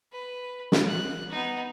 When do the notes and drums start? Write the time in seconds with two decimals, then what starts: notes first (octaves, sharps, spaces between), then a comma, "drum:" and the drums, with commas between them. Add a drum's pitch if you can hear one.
0.12 B4
0.72 drum: snare
0.88 F#6
1.30 B3 D#4